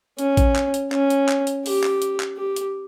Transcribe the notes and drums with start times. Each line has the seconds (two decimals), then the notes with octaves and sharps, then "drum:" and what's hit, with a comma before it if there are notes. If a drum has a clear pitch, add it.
0.19 C#4, drum: hi-hat
0.37 drum: kick A1, hi-hat
0.56 drum: clap
0.74 drum: hi-hat
0.92 C#4, drum: clap
1.10 drum: hi-hat
1.29 drum: clap
1.47 drum: hi-hat
1.66 G4, drum: open hi-hat
1.83 drum: clap
2.02 drum: hi-hat
2.20 drum: clap
2.38 G4
2.56 drum: hi-hat